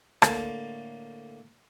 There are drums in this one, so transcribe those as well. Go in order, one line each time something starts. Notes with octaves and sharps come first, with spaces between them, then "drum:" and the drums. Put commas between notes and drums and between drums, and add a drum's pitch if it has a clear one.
A2 D3 A#3 A5, drum: rim click